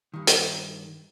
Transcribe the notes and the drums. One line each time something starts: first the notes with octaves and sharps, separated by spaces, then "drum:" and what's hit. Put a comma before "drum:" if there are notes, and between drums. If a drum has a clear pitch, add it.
G2 D#3
drum: hi-hat